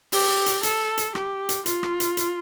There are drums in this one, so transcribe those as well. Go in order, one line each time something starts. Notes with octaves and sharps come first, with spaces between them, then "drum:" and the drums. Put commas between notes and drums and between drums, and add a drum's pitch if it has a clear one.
G4, drum: open hi-hat
drum: hi-hat
A4, drum: hi-hat
drum: hi-hat
G4, drum: rim click
drum: hi-hat
F4, drum: hi-hat
drum: rim click
drum: hi-hat
drum: hi-hat